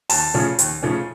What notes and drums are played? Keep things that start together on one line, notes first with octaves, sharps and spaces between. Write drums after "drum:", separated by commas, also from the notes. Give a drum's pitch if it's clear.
D#2 A5, drum: open hi-hat
C#3 F3 A3 C#4
D#2, drum: hi-hat
C#3 F3 A3 C#4